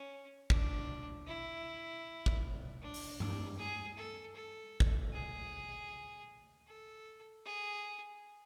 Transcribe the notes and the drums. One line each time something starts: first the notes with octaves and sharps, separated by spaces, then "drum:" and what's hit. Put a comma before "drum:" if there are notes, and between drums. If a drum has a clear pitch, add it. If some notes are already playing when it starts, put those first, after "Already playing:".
Already playing: C#4
D4, drum: kick
E4
drum: kick
D4
drum: open hi-hat
D4, drum: tom G2
G#4
A4
A4
drum: kick
G#4
A4
G#4